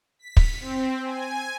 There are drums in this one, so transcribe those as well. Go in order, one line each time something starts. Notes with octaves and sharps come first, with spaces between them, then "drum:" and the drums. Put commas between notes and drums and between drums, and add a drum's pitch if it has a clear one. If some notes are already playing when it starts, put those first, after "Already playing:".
B6
drum: kick
C4
G#5